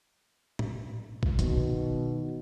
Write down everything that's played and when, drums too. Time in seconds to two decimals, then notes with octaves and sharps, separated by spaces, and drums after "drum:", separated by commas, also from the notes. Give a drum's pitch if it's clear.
0.59 drum: tom
1.23 drum: kick B1
1.39 B2 D#3, drum: hi-hat